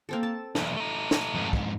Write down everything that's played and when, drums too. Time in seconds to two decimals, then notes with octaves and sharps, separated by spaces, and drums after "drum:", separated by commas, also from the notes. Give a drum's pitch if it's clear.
0.09 A#3 C4 A4
0.23 A5
0.55 B1 E2 B4, drum: snare
0.76 A3 D#4
1.11 drum: snare
1.34 F2 G#2
1.53 drum: kick